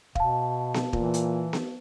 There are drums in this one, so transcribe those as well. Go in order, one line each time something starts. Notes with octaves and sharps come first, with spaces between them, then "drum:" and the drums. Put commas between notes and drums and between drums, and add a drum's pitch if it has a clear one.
B2 F5 A5, drum: kick
drum: snare B3
A#2 E3, drum: kick
drum: hi-hat
drum: snare B3